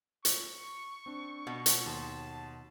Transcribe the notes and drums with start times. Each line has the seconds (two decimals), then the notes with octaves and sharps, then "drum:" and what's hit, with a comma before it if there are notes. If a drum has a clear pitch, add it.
0.25 C#6, drum: hi-hat
1.06 C4 D4
1.47 B2
1.66 drum: hi-hat
1.86 D#2 A5 C6